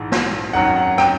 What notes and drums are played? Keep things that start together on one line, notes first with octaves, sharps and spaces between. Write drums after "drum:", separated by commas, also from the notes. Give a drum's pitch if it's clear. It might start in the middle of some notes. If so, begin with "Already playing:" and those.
Already playing: A#1 G#2 E3
drum: snare
G#1 F#2 D#3 F#3 F#5
F#5
G5, drum: rim click